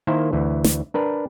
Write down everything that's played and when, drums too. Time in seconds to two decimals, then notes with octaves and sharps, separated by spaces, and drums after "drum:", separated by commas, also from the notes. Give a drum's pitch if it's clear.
0.07 D#3 A#3 E4 C5
0.33 D2 E3
0.64 drum: snare
0.94 D4 A#4 B4